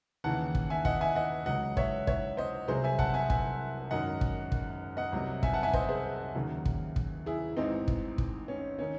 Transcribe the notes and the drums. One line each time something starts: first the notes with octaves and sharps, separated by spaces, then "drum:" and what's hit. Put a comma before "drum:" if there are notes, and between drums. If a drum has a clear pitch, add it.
D#2 C#3 E3 F#5 A5
drum: kick
E5 G#5
D#5 F#5, drum: kick
E5 G#5
D#5 F#5
C#2 C#3 F#3 D#5 F#5
C#5 E5, drum: kick
C#5 E5, drum: kick
C5 D#5
C2 C3 F#3 G#4 C5
E5 G#5
F#5 A5, drum: kick
E5 G#5
E5 G#5, drum: kick
G#1 F#2 D#3 F#3 D#5 F#5
drum: kick
drum: kick
D#5 F#5
C2 C3 F#3
E5 G#5, drum: kick
F#5 A5
E5 G#5
C5 D#5, drum: kick
G#4 C5
D#2 C#3 F#3
drum: kick
drum: kick
E4 G#4
A1 G#2 E3 C4 D#4
drum: kick
drum: kick
C#4
D#3 C#4